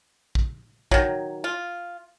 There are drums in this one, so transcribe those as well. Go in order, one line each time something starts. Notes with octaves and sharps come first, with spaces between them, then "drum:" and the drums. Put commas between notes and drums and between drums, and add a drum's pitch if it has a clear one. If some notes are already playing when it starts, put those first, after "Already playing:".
drum: kick
D#3 F#3, drum: kick
F4